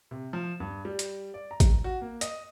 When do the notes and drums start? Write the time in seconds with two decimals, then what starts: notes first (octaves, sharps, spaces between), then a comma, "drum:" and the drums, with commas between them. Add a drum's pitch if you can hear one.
0.11 C3
0.33 F3
0.60 G2
0.85 G3
0.99 drum: hi-hat
1.34 D5
1.51 A#5
1.60 drum: kick A1, hi-hat
1.84 F#4
2.01 A#3
2.21 D#5, drum: hi-hat